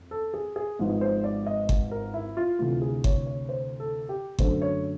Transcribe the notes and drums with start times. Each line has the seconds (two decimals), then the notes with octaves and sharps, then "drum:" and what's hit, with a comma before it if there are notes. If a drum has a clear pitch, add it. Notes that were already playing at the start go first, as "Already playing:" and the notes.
Already playing: F2
0.11 A4
0.34 G#4
0.56 G#4
0.79 G#1 G#2 F3 G#3 B3
1.01 C5
1.24 D5
1.46 D#5
1.69 drum: kick G1
1.91 A#4
2.14 E4
2.37 F4
2.59 D2 C3 E3 A3 F4
2.82 G#4
3.04 C#5, drum: kick G1
3.27 C#5
3.49 C5
3.80 A4
4.09 G4
4.39 F#2 D3 F#3 A3 C5, drum: kick G1
4.62 C#5